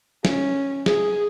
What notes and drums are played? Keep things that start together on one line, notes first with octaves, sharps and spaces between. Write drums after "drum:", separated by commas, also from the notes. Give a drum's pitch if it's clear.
C#4, drum: snare
G#4, drum: snare